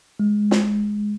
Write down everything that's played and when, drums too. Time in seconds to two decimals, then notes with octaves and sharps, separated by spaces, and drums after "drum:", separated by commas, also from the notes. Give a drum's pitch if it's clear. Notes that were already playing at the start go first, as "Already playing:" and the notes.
0.20 G#3
0.51 drum: snare